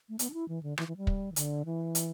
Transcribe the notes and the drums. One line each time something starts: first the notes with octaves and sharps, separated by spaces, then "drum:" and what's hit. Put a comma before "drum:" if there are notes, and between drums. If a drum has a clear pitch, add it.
A3
B3, drum: hi-hat
D4
E4
E3
D3
E3, drum: rim click
E3
G3
drum: kick
E3
D3, drum: hi-hat
E3
drum: hi-hat